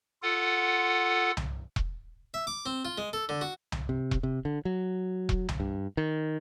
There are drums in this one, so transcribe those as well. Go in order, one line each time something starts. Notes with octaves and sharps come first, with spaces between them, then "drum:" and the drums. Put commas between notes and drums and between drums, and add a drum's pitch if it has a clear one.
F4 A4 F#5
drum: tom C2
drum: kick E1
E5
D6
C4
F4
G#3
A4
D3
F#4
drum: tom C2
C3
drum: kick E1
C3
D3
F#3
drum: kick E1
drum: tom C2
G2
D#3